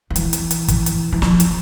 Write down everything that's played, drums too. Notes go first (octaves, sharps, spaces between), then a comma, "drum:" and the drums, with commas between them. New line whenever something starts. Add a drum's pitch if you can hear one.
F3
E3, drum: hi-hat
drum: hi-hat
drum: hi-hat
drum: kick, hi-hat
drum: hi-hat
E3
F3, drum: snare
drum: hi-hat